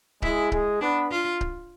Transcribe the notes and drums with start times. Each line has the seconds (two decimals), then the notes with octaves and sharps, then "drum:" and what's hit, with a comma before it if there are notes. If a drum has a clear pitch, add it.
0.22 G#3 E4 G#4, drum: kick C#1
0.52 G#3 G#4, drum: kick C#1
0.81 B3 D4 B4
1.11 F4
1.41 drum: kick C#1